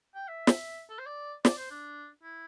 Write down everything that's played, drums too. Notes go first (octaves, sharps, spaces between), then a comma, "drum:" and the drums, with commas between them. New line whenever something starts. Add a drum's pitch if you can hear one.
G5
E5
drum: snare
A4
C5
D5
D5, drum: snare
C5
D4
E4